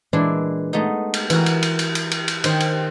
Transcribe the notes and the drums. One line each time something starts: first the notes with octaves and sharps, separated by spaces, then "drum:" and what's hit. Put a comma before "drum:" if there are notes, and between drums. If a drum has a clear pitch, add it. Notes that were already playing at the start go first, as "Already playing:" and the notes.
A#2 E3 G#3 D4 E4
G#3 A3 B3 D#4
drum: cymbal
E3 E4 F#4 A#4, drum: cymbal
drum: cymbal
drum: cymbal
drum: cymbal
drum: cymbal
drum: cymbal
drum: cymbal
D#3 C5 G5, drum: cymbal
drum: cymbal